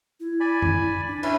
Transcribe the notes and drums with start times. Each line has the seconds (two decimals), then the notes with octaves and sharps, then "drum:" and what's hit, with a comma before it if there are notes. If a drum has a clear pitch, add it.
0.20 E4
0.40 D5 G#5 B5
0.62 drum: tom F#2
1.08 D4
1.23 C#4 E4 B4, drum: cymbal